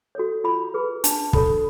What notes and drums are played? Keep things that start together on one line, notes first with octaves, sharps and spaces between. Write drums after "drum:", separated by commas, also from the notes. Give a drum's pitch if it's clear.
F#4 A4 C#5
F4 B5
G#4 B4
D4 A5, drum: hi-hat
F#4 A4 C#5 B5, drum: kick